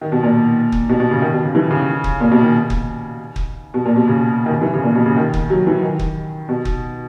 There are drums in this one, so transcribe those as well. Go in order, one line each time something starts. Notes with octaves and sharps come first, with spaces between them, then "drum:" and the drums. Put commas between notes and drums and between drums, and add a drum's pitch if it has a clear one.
D#3
B2
A#2
drum: kick
B2
B2
C#3
D#3
B2
C#3
E3
C#3
drum: kick
A#2
B2
D#3
drum: kick
drum: kick
B2
A#2
B2
C#3
D#3
C#3
E3
C#3
A#2
B2
C#3
D#3
drum: kick
F#3
E3
D#3
drum: kick
B2
drum: kick